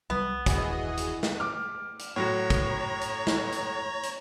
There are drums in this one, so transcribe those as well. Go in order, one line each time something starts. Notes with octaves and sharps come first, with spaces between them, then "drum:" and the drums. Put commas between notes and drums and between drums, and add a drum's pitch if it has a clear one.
C2 F#3 G3 B3
E1 D#2 E3 E4 F#4 G#4 D#5, drum: kick, hi-hat
drum: hi-hat
drum: snare
D6 F6
drum: hi-hat
A2 F#3 F#4 C#5 A#5
drum: kick, hi-hat
drum: hi-hat
drum: snare
drum: hi-hat
drum: hi-hat